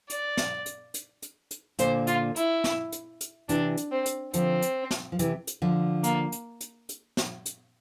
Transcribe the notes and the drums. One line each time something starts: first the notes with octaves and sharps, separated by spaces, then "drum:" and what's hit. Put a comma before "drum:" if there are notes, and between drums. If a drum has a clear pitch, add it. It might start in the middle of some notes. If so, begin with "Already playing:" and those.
D5, drum: hi-hat
drum: snare
drum: hi-hat
drum: hi-hat
drum: hi-hat
drum: hi-hat
A#2 D3 C5, drum: hi-hat
F4, drum: hi-hat
E4, drum: hi-hat
drum: snare
drum: hi-hat
drum: hi-hat
C3 E3 D4, drum: hi-hat
drum: hi-hat
C4
drum: hi-hat
D3 F3 C4, drum: hi-hat
drum: hi-hat
drum: snare
F3
C3 E3, drum: hi-hat
drum: hi-hat
D3 F3
A#3, drum: hi-hat
drum: hi-hat
drum: hi-hat
drum: hi-hat
drum: snare
drum: hi-hat